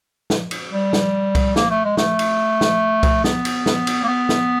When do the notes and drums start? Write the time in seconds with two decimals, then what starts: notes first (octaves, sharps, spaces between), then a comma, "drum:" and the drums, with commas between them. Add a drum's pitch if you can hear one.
0.30 drum: snare
0.51 drum: cymbal
0.72 G3
0.93 drum: snare
1.35 drum: kick C2, cymbal
1.56 A#3, drum: snare
1.70 A3
1.84 G#3
1.97 A3, drum: snare
2.19 drum: cymbal
2.61 drum: snare
3.03 drum: kick C2, cymbal
3.24 B3, drum: snare
3.45 drum: cymbal
3.66 drum: snare
3.87 drum: cymbal
4.04 A#3
4.08 B3
4.29 drum: snare